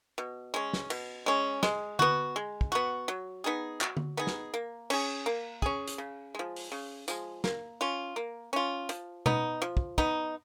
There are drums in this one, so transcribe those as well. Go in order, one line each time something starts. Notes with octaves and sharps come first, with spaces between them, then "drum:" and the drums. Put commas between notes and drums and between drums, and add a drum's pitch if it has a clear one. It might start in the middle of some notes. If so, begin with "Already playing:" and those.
B2
G#3 C#4
drum: snare
B2, drum: cymbal
G#3 C#4
G#3, drum: snare
B3 F#4, drum: tom D3
G#3
drum: kick
B3 F#4
F#3
B3 D#4 G#4
F#3, drum: clap
drum: tom D3
B3 D#4 G#4
drum: snare
A#3
C#4 G#4, drum: cymbal
A#3
C#4 G#4, drum: kick
drum: hi-hat
C#3
F3 G#3
drum: open hi-hat
C#3
F3 G#3, drum: tambourine
A#3, drum: snare
C#4 F4
A#3
C#4 F4
F3, drum: hi-hat
B3 D#4, drum: tom B2
F3
drum: kick
B3 D#4, drum: kick